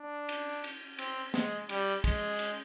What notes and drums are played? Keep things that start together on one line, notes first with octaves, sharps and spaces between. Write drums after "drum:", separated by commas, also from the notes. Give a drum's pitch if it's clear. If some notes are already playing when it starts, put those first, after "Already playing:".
Already playing: D4
drum: cymbal
drum: cymbal
C4, drum: cymbal
G#3, drum: snare
G3, drum: cymbal
G#3, drum: kick, cymbal
drum: cymbal